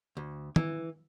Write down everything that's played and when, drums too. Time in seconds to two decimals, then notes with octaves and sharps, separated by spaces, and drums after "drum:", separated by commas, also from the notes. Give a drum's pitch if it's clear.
0.17 D2
0.56 E3, drum: tom